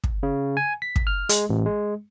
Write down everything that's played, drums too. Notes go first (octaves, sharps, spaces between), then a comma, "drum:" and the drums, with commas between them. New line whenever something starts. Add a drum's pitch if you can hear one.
drum: kick
C#3
G#5
B6
drum: kick
F6
G#3, drum: hi-hat
A1
G#3